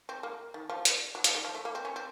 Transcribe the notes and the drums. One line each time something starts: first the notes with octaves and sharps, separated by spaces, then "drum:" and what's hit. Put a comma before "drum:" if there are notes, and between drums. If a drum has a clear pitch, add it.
C4
A#3
D#3
F3
drum: hi-hat
F#3
F3, drum: hi-hat
D#3
F3
A3
A#3
C4
C#4
C4